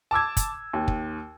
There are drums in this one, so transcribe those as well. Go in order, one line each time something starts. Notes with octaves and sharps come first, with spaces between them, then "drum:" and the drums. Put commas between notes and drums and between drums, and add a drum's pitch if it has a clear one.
A5 D6 E6 G#6
drum: kick, hi-hat
D#2
drum: kick